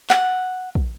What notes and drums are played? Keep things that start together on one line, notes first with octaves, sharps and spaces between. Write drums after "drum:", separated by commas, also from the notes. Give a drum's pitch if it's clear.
F#5, drum: clap
drum: kick